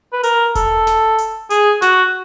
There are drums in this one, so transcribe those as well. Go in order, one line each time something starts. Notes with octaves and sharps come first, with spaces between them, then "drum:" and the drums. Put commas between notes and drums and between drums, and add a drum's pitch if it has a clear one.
B4
A#4, drum: hi-hat
A4, drum: kick E1, hi-hat
drum: snare
drum: hi-hat
G#4, drum: hi-hat
F#4, drum: snare